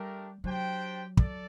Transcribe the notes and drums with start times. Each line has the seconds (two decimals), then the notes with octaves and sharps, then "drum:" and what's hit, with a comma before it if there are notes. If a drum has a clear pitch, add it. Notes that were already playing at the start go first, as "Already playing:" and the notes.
Already playing: G3 A3 D4 G4 A#4
0.44 F#3 D4 G4 C5 G5
1.17 A4 D5, drum: kick